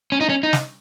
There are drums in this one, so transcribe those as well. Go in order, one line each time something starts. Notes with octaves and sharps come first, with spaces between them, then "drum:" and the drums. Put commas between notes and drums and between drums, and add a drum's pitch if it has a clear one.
C#4
D#4
C#4
D#4
drum: snare